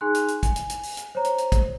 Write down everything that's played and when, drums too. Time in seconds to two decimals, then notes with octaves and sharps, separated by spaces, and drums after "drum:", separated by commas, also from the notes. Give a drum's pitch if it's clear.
0.01 D#4 G#4 G#5 C6 F#6
0.15 drum: hi-hat
0.28 drum: hi-hat
0.43 G#5, drum: kick, hi-hat
0.56 drum: hi-hat
0.70 drum: hi-hat
0.83 drum: open hi-hat
0.97 drum: hi-hat
1.15 C5 C#5 A#5
1.25 drum: hi-hat
1.38 drum: hi-hat
1.52 drum: kick, hi-hat